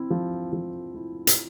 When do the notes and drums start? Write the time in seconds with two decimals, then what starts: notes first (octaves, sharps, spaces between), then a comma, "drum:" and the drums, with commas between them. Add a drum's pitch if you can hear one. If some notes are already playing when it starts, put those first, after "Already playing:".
Already playing: C4 E4
0.10 F3
0.53 F3
0.95 E4
1.27 drum: hi-hat